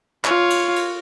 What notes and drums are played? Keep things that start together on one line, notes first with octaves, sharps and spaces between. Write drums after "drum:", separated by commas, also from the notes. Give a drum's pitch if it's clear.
F4 C#5, drum: clap
drum: cymbal
drum: cymbal